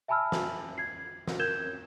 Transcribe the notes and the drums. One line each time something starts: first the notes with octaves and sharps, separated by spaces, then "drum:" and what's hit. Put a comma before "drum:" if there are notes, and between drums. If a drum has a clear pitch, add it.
E5 G#5 A5 B5 E6 F6
drum: snare
G#6 C7
drum: snare
A#4 G6 G#6 E7 G7